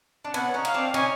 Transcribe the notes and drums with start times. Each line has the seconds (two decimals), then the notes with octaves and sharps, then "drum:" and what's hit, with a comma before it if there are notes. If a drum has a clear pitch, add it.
0.25 D4
0.34 B3 C#4 F#5, drum: cymbal
0.54 C#4 D#4
0.65 F5, drum: cymbal
0.74 C4 D4
0.94 C#4 D#4 G#5, drum: cymbal